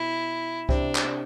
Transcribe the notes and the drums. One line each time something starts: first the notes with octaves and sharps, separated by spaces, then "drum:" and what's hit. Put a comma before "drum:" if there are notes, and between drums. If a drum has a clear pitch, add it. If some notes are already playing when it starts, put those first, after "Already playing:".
Already playing: B2 E4
C3 D4, drum: kick C2
drum: clap